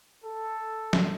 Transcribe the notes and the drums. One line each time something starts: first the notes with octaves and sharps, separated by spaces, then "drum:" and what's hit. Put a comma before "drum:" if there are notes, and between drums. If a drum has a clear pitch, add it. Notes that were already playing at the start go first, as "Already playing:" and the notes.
A4
drum: snare